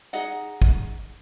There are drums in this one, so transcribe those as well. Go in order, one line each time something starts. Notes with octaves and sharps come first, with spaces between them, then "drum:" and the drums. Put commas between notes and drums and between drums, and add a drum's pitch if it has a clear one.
D#4 G#4 D#5 F#5
drum: kick